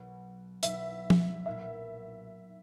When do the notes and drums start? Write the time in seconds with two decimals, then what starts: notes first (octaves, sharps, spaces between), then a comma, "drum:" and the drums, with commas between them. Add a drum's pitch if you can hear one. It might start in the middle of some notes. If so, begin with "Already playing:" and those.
Already playing: B1 B2 F#3
0.63 B1 B2 F#3 E5, drum: hi-hat
1.10 drum: tom F3
1.46 B1 A#2 F#3 A#3 E5